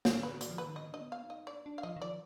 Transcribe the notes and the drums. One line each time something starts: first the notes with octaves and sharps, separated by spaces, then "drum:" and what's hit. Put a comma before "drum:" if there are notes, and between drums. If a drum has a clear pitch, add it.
D3 G#4, drum: snare
B4
D#3 D5, drum: hi-hat
F3
D#3 B4
D3 D#5
D4 D#5
B3
F5
D#4
D#5
D4 D5
D4
F5
F3 D#5
D#3
F3 D5